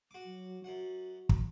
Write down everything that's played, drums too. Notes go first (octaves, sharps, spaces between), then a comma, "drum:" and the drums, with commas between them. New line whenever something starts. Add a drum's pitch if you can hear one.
F#4 D6
F#3
F#2 F#4 F#5
drum: kick